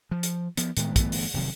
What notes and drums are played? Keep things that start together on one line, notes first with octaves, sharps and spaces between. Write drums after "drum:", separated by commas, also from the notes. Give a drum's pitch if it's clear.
F3
drum: hi-hat
F3 B3, drum: hi-hat
A2 D#3 G#3 B3, drum: hi-hat
G1 E3 A3 B3, drum: kick, hi-hat
drum: open hi-hat
F1 C3 D#3 F#3